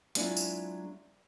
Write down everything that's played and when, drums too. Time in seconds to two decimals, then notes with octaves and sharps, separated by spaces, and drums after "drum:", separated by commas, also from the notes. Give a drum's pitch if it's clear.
0.15 F#3 G#3 C4 D4 E4 F4, drum: hi-hat
0.37 drum: tambourine